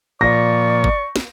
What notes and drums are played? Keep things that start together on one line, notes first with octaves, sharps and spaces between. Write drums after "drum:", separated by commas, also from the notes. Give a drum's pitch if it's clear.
A#2 F3 D5 C#6 A#6
drum: kick G1
drum: snare